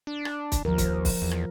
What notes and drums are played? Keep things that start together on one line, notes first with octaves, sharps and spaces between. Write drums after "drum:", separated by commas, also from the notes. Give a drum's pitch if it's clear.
D4
drum: rim click
drum: kick, hi-hat
D#2 F3 A#4
drum: kick, hi-hat
drum: kick, open hi-hat
E2
drum: rim click